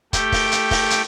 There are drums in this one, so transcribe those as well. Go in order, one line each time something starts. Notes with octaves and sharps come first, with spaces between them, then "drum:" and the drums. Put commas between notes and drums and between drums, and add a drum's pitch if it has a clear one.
A3 G4 G5, drum: kick, hi-hat
drum: kick, open hi-hat
drum: hi-hat
drum: kick, open hi-hat
drum: hi-hat